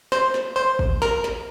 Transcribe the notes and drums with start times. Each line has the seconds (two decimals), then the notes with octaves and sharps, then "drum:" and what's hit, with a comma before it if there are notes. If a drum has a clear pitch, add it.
0.12 C5, drum: snare
0.34 drum: snare
0.57 C5
0.79 drum: kick
1.02 A#4, drum: snare
1.24 drum: snare